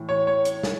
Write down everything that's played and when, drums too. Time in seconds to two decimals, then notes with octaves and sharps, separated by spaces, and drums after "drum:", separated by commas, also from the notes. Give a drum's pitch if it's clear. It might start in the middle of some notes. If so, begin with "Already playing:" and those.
Already playing: A2 E3
0.09 C#5
0.27 C#5
0.45 drum: hi-hat
0.63 drum: snare